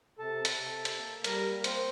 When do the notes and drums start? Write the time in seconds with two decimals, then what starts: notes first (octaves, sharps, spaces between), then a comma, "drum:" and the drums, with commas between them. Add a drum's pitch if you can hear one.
0.18 C3 A4 A5
0.45 C3, drum: hi-hat
0.72 C3
0.85 drum: hi-hat
0.98 A#3
1.24 G3 A#4 A#5, drum: hi-hat
1.51 A#3
1.64 C4 C5, drum: hi-hat